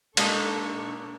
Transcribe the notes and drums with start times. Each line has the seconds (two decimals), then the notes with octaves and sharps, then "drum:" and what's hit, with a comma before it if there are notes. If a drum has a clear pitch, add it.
0.17 G#3 A#3 D4 D#4 A4 A5 C#6, drum: cymbal